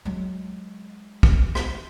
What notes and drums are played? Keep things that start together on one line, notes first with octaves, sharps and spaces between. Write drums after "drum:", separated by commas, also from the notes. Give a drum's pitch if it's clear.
F#3 G#3
drum: kick
drum: rim click